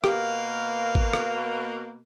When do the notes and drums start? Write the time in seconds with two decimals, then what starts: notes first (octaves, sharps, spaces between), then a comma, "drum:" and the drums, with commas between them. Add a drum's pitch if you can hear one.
0.04 B2 A#3 G4 F5, drum: rim click
0.95 drum: kick G#1
1.13 drum: rim click